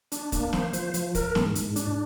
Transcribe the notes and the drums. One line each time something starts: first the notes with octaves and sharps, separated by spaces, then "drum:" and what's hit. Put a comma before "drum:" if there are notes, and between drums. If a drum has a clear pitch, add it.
D4, drum: hi-hat
A#3, drum: kick, hi-hat
C5, drum: snare
F3, drum: hi-hat
F3, drum: hi-hat
A#4, drum: kick, hi-hat
G#2, drum: snare
G#2, drum: hi-hat
D4, drum: hi-hat